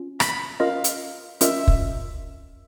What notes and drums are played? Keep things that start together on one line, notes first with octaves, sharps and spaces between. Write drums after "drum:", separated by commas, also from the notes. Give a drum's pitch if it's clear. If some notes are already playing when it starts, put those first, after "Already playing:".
Already playing: C#4 F4
B5, drum: rim click
C#4 F4 A#4 D#5 F5
drum: hi-hat
C#4 F4 A#4 D#5 E5, drum: hi-hat
drum: kick